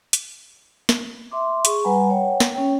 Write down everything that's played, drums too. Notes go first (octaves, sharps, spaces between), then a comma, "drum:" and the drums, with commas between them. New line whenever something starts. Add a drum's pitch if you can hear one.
drum: hi-hat
drum: snare
E5 C6 D6
G#4 C#6, drum: hi-hat
G3 B4 F#5 G#5 A#5 B5
C#5 F#5 G5
drum: snare
C#4 C#5 G5